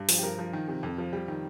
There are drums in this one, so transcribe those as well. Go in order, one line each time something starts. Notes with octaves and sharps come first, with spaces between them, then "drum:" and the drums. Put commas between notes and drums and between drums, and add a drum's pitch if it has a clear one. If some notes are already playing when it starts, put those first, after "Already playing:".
Already playing: G2
F3, drum: open hi-hat
G4
G2 A#4
F3
D#3
C3
F2
F3
G3
D#3